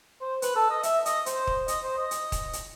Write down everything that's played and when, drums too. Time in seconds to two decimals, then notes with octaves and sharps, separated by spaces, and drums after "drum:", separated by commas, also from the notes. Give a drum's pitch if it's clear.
0.21 C5
0.42 B4, drum: hi-hat
0.56 A4
0.70 D#5
0.83 E5, drum: hi-hat
1.06 D#5, drum: hi-hat
1.26 C5, drum: hi-hat
1.47 drum: kick
1.68 D#5, drum: hi-hat
1.83 C5
1.97 D#5
2.11 drum: hi-hat
2.32 drum: kick, hi-hat
2.53 drum: hi-hat